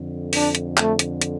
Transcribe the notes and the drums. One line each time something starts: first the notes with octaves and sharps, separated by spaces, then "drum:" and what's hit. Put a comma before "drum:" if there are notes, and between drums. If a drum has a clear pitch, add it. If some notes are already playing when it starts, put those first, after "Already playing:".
Already playing: F2 D3
D4, drum: open hi-hat
drum: hi-hat
A3, drum: clap
drum: hi-hat
drum: hi-hat